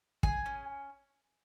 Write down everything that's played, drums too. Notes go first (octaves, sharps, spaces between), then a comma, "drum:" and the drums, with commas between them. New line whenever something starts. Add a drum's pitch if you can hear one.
G#4 G#5, drum: kick
C#4